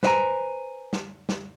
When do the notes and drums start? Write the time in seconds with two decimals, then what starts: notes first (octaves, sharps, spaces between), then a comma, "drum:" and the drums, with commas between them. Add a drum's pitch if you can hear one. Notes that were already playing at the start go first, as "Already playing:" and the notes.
0.03 B4 C5 D#5 G5 G#5 A#5, drum: snare
0.93 drum: snare
1.29 drum: snare